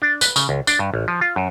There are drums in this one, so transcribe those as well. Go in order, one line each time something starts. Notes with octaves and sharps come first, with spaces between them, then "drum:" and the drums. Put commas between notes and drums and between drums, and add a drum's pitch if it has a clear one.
D4
B4, drum: tambourine
C#3, drum: tambourine
C#2
D4, drum: tambourine
G2
A1
F3
F4
F#2